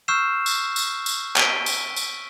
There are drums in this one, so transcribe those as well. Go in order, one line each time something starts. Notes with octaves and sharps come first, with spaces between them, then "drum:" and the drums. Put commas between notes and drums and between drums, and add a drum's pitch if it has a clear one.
C#6 E6 F6 G6 C7 E7
drum: tambourine
drum: tambourine
drum: tambourine
B6 D7 D#7 G7, drum: clap
drum: tambourine
drum: tambourine